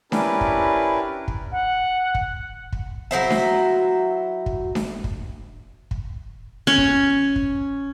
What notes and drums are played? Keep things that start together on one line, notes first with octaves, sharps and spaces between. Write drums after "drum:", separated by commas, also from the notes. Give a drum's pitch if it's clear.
C#4 D4 E4 G4 A#4 B4, drum: snare D4
drum: kick
drum: kick
F#5
drum: kick
drum: kick
F#3 E4 C5 E5
drum: snare D4
drum: kick
drum: snare D4
drum: kick
drum: kick
C#4
drum: kick
drum: kick